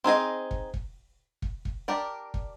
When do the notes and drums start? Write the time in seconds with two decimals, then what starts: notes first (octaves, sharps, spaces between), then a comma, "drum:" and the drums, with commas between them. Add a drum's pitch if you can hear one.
0.04 C4 D#4 G#4 D#5
0.51 drum: kick
0.74 drum: kick
1.42 drum: kick
1.65 drum: kick
1.88 D4 G4 A#4 D5
2.34 drum: kick